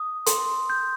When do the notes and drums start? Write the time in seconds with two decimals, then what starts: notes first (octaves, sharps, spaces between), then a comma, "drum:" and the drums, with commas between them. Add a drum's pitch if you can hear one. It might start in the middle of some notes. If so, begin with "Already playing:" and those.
Already playing: D#6
0.26 C6, drum: hi-hat
0.70 G6